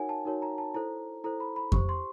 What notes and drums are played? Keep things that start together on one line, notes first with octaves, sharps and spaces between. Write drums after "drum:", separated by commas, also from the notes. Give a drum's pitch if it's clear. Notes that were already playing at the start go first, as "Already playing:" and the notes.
Already playing: D#4 F#4 A#4 C#5 F#5 G#5
A5
D#4 F#4 A#4 C#5
A#5
A5
E4 A4 C5 A#5
E4 A4 C5 A#5
B5
B5
G4 C5 C#6, drum: kick F2
C6